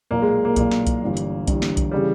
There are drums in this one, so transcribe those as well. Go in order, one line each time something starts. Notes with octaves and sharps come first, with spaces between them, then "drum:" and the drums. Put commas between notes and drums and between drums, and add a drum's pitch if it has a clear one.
B1 A#2 A#3
G#3
A#3
B1 A#2 A#3, drum: kick B1, hi-hat
drum: snare
drum: kick B1, hi-hat
G1 G2 E3
drum: hi-hat
G1 G2 E3, drum: kick B1, hi-hat
drum: snare
drum: kick B1, hi-hat
C#3 E3 G3